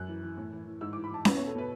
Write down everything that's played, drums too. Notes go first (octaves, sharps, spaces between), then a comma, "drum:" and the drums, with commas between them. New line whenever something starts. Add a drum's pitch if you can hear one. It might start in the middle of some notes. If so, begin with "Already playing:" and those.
Already playing: F#2 F#6
E3
E3
A2
E3
E3
G#2 E6
E3 D6
B5
E3 A5
E2 B4, drum: snare C#4
B2 C#5
A4
B2 B4